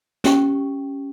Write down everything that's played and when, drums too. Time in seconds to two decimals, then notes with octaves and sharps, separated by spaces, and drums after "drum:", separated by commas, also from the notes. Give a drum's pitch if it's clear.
0.24 C#4 G4 G5 C#6, drum: snare